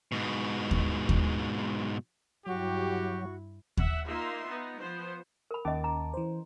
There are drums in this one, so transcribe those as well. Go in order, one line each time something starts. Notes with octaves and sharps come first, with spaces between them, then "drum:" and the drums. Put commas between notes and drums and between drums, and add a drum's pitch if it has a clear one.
G#2 B2
drum: kick D#2
drum: kick D#2
G2 F#3 E4 F#4 G4 C#6
E5 F#5, drum: kick D#2
A#3 D#4 F4 E5 C6
B3 D#4
F3 B3 C5
A#4 B5
D#2 C#4 D#5 A5 D6
A#5
E3 C5